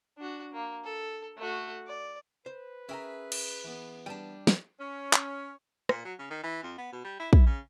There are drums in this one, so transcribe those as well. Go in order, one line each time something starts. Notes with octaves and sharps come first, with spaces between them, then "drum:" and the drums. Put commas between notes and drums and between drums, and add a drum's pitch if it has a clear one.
D4 F#4
A#3
A4
A3 F#4
D5
B4 C5
C#4 G#4 A#4 E5 G5 A#5 B5
drum: cymbal
E3 B3
G3 D4 G5 A5
drum: snare
C#4
drum: clap
A#2, drum: rim click
F#3
C#3
D#3
E3
F2
B3
B2
G3
E4
E4, drum: kick
C#3